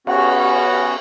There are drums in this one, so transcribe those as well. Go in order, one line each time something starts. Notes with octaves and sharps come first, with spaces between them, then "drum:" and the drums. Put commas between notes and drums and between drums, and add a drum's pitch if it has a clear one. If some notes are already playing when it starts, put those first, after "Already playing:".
B3 C#4 F#4, drum: cymbal